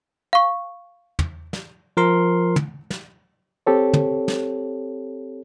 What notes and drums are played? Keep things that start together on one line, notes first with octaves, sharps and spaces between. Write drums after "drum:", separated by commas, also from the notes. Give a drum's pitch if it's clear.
F5 C#6
drum: tom
drum: snare
F3 A#4 C6
drum: tom
drum: snare
C4 G4 A4 C#5
drum: tom
drum: snare